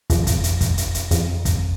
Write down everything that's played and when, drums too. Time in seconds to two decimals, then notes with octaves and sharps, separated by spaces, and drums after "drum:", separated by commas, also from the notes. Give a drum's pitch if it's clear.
0.10 F2, drum: kick, hi-hat
0.27 drum: kick, hi-hat
0.44 drum: hi-hat
0.61 drum: kick, hi-hat
0.78 drum: hi-hat
0.94 drum: hi-hat
1.11 F2, drum: hi-hat
1.45 drum: kick, hi-hat